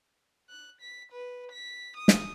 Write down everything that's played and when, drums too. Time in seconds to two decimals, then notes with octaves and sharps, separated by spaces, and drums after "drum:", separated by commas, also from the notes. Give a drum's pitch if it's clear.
0.49 F#6
0.81 B6
1.12 B4
1.52 B6
1.97 D#6
2.08 drum: snare